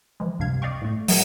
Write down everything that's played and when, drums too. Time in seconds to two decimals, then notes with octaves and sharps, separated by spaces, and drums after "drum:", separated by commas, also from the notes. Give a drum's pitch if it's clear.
0.20 E3 F3 G#3
0.39 C#2 G2 C3 F5 G#6
0.62 D5 D#5 F5 G5 C#6
0.82 A2 A3
1.08 F#3 G3 G#4 A#4, drum: open hi-hat